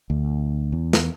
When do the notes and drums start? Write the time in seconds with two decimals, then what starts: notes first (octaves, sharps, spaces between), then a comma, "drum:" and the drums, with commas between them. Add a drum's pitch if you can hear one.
0.10 D2
0.72 E2
0.93 drum: snare